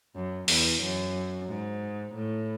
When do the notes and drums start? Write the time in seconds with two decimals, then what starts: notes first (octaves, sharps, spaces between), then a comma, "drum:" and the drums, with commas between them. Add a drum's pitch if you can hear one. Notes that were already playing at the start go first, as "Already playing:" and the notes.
0.15 F#2
0.48 E2, drum: open hi-hat
0.82 F#2
1.49 G#2
2.14 A2